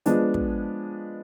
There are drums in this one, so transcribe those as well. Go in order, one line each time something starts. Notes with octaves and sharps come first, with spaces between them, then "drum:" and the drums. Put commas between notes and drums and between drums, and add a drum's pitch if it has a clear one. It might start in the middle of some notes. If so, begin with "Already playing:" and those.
F3 G#3 B3 D4, drum: hi-hat
drum: kick